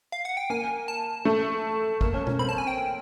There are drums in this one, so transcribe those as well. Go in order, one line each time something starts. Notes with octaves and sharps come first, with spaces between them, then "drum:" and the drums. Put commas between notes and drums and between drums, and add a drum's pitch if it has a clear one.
F5
F#5
G5
A#3 G#5
A5
A3
A#3, drum: kick G#1
C#4
C#4, drum: tom B2
C4 B5
A5
G#5
G5